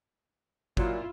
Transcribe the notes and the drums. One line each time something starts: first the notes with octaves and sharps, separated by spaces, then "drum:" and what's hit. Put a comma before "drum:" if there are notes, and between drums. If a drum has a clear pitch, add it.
A#2 F#3 E4 F4, drum: kick